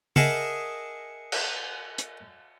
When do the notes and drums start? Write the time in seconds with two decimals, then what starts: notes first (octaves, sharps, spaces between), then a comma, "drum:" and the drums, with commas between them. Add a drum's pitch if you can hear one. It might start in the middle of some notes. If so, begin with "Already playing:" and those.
0.16 G#4 A#4 D#5 E5 F#5 A5, drum: tom C#3
1.32 drum: cymbal
1.98 drum: hi-hat